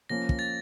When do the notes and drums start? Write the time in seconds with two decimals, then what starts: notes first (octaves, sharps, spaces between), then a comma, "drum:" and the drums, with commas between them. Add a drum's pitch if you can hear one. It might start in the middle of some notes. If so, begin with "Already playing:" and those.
0.09 F3 A#3 C#4 A#6
0.29 drum: kick
0.39 A6